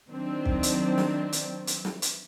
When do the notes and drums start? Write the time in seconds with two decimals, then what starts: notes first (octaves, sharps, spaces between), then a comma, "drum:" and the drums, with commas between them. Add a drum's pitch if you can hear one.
0.11 D#3 F#3 C4 D4
0.46 drum: kick
0.63 drum: hi-hat
0.98 drum: snare
1.32 drum: hi-hat
1.67 drum: hi-hat
1.85 drum: snare
2.02 drum: hi-hat